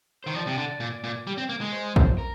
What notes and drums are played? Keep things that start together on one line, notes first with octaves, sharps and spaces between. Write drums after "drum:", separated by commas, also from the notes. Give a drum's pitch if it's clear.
D#3 C5
F3 D5
C3
D3
A#2
A#2
G3
C4
A#3
G#3
C5
drum: kick A#1
A#4